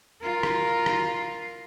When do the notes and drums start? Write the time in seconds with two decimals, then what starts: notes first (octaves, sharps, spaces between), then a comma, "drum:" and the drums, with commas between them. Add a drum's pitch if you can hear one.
0.22 F4 A#4
0.43 drum: rim click
0.86 drum: rim click